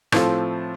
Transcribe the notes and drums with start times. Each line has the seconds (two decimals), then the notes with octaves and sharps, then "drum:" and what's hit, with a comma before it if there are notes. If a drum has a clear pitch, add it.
0.12 A2 F3 C4 F4 A4, drum: rim click